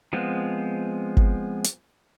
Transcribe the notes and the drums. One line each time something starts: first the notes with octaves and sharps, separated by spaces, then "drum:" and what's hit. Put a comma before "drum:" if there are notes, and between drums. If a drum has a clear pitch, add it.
F3 G#3 B3 C4
drum: kick G1
drum: hi-hat